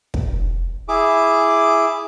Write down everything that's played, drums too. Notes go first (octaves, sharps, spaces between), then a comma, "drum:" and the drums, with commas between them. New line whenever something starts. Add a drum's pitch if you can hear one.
drum: kick
E4 G#4 D6